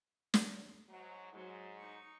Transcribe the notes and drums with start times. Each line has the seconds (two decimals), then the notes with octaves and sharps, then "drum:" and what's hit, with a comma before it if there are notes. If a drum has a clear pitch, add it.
0.34 drum: snare
0.89 G#2 F#3
1.33 G#2 F#3
1.78 D#4 C#6